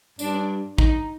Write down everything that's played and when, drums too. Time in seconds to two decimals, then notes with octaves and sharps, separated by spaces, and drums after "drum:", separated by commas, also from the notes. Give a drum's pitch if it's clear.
0.19 G2 D4, drum: tambourine
0.78 D#4, drum: kick